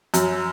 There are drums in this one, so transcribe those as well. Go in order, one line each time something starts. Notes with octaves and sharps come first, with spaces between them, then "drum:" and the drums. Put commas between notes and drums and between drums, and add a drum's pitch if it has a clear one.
F#2 F#3, drum: hi-hat